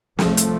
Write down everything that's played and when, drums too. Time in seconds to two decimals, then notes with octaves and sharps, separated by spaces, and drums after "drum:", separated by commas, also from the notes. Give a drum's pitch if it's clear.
0.19 C2 C3 F3 A3, drum: snare
0.37 drum: hi-hat